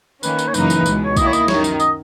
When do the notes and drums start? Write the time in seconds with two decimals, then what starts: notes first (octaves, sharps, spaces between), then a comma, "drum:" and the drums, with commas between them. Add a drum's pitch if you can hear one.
0.23 D#3 A#3 C#4 B4, drum: tambourine
0.39 drum: tambourine
0.48 C#5
0.54 F#2 C#3 E3 A#3 D#4 B4, drum: tambourine
0.70 drum: tambourine
0.86 C#2 B2 G#3, drum: tambourine
1.05 C#5
1.16 D#3 A#3 E4 D#5, drum: kick B1, tambourine
1.27 C#5
1.33 D#5, drum: tambourine
1.48 F#2 D#3 F#3 C#5, drum: snare
1.64 drum: tambourine
1.80 D#5, drum: tambourine